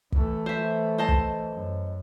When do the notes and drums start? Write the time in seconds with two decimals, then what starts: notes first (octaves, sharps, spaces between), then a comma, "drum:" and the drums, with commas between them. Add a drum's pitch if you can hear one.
0.12 E3 A3, drum: kick
0.46 C5 E5
0.98 C5 D#5 A5
1.08 drum: kick
1.51 F#2